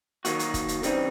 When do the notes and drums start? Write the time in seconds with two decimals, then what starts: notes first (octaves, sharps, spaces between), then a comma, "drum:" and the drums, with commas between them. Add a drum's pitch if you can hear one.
0.25 D#3 F#3 A#3 D#4 F#4, drum: hi-hat
0.39 drum: hi-hat
0.54 drum: kick, hi-hat
0.68 drum: hi-hat
0.83 C#3 E3 G3 C4 D#4, drum: hi-hat